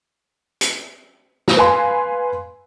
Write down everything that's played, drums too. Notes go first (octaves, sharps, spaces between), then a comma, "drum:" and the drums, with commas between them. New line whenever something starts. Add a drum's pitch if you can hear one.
drum: hi-hat
drum: snare
B4 F5 G#5 C6